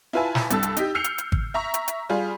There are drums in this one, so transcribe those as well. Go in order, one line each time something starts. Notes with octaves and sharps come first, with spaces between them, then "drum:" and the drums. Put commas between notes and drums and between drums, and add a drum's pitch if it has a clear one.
E4 F4 B4 E5 G#5 A5
drum: snare
C2 G2 A4 E6 A6, drum: hi-hat
drum: hi-hat
D#4 G4, drum: hi-hat
E6 F6 G6 C7 C#7 F7
drum: hi-hat
drum: hi-hat
drum: kick G#1
E5 A#5 C#6
drum: hi-hat
drum: hi-hat
G3 F4 G#4